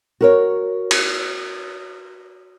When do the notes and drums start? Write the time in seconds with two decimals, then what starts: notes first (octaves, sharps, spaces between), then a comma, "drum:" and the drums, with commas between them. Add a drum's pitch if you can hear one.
0.21 F#4 A#4 C#5
0.91 drum: cymbal